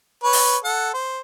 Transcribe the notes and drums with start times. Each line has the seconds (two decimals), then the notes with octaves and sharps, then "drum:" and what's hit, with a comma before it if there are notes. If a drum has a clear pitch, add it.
0.24 B4 C#5
0.33 drum: open hi-hat
0.64 A4 F#5
0.94 C5